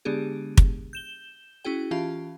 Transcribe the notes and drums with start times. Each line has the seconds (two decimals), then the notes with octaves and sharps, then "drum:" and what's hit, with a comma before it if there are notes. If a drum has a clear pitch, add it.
0.05 D3 G#3 B3 D4 G4 G#4
0.57 drum: kick
0.93 G6 E7 G7
1.65 C#4 E4 F#4 G#4 G5
1.91 E3 C#4 F4 G4 F5 A5